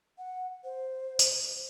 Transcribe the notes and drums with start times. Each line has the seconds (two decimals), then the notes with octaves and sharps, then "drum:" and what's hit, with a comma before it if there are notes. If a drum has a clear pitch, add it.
0.18 F#5
0.64 C5
1.19 drum: tambourine